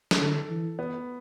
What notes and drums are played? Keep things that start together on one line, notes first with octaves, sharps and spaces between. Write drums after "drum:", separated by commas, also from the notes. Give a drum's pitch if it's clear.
drum: snare
D3 A4
E3
B3